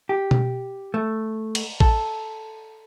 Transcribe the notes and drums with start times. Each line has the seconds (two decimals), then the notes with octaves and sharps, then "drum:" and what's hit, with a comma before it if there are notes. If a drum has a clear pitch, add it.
0.09 G4
0.31 drum: tom B2
0.94 A3
1.55 drum: cymbal
1.80 A4, drum: kick